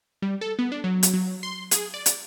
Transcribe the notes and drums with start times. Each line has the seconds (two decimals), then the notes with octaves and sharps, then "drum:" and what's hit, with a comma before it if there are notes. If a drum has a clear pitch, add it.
0.22 G3
0.41 A4
0.59 B3
0.72 D4
0.84 F#3
1.03 drum: hi-hat
1.14 F#3
1.43 C6
1.71 G#4, drum: hi-hat
1.94 D5
2.06 drum: hi-hat